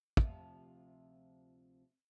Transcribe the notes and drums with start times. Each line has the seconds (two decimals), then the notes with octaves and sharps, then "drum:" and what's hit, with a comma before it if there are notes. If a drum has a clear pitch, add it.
0.17 D2 C3 F3, drum: kick